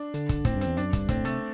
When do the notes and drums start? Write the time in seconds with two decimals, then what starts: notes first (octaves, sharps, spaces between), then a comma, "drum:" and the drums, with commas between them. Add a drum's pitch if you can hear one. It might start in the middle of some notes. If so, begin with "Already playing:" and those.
Already playing: D4
0.14 D3, drum: hi-hat
0.29 drum: kick, hi-hat
0.45 A2 C4, drum: kick, hi-hat
0.56 G2
0.61 C4, drum: hi-hat
0.66 E2
0.77 F#2 D4, drum: hi-hat
0.93 G2, drum: kick, hi-hat
1.09 A2 C4, drum: kick, hi-hat
1.25 C3 A3, drum: hi-hat